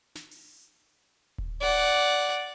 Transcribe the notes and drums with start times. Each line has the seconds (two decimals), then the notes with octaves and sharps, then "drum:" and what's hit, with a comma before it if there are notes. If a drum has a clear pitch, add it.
0.15 drum: snare
0.31 drum: open hi-hat
1.38 drum: kick D#1
1.61 D5 F#5